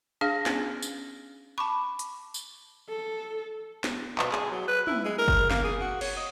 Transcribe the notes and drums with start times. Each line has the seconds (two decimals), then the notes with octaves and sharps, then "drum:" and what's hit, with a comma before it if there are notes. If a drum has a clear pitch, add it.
0.21 D4 G#4 F5 F6 A#6
0.46 C#4, drum: snare
0.82 drum: tambourine
1.58 A5 B5 C#6 D6
1.99 drum: hi-hat
2.34 drum: tambourine
2.89 A4
3.84 drum: snare
4.19 B2, drum: clap
4.32 G#4, drum: clap
4.51 F#3
4.68 B4
4.87 E4, drum: tom
5.05 G#3
5.18 A#4
5.28 drum: kick F#1
5.51 A#3, drum: snare
5.64 G#4
5.81 F#4
6.01 C#5, drum: cymbal
6.17 D#5